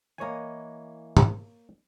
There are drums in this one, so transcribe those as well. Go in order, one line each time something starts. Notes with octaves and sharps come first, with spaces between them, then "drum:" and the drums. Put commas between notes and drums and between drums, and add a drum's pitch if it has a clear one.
E3 A#3 C#5 D#5 G#5
drum: tom G#2